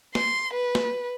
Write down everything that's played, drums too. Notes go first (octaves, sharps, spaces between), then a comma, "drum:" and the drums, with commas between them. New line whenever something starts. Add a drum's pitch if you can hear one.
C6, drum: snare A#3
B4
drum: snare A#3